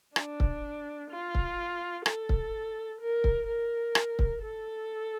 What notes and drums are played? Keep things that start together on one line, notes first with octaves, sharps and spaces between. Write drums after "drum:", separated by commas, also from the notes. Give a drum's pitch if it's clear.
D4, drum: rim click
drum: kick C#1
F4
drum: kick C#1
A4, drum: rim click
drum: kick C#1
A#4
drum: kick C#1
A#4
drum: rim click
drum: kick C#1
A4